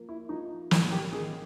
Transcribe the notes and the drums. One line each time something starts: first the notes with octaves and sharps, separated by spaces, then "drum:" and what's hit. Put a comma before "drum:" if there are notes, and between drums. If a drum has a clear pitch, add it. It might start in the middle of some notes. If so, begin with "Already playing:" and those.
Already playing: F3 A#3
E4
F3 D#4
A1 E4, drum: snare
G4
D#3 G#4